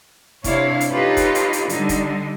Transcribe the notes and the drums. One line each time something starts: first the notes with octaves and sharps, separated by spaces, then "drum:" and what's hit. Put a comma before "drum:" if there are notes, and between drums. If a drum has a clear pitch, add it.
C3 D4 E4 C#5 F5, drum: kick, hi-hat
drum: hi-hat
D#4 F4 G4 A4 B4 C#5
drum: kick, hi-hat
drum: hi-hat
drum: hi-hat
D3 G3 D#4, drum: hi-hat
drum: kick, hi-hat